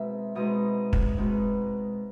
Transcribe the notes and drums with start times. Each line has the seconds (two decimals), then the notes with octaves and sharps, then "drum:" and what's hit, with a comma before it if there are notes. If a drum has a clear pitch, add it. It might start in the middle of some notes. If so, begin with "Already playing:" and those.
Already playing: B2 G#3 C4 D#4 E5
0.35 B2 G#3 C4 D#4 D#5
0.93 drum: kick
1.17 B2 G#3 C4 D#4